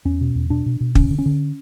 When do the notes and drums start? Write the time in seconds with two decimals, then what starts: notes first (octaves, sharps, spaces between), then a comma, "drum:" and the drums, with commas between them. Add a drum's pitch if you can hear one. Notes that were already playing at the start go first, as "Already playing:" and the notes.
0.05 E2 C#4
0.21 B2
0.35 E2
0.50 B2 D4
0.66 B2
0.80 B2
0.95 D3 C#4, drum: kick
1.11 D3
1.19 C#4
1.26 D3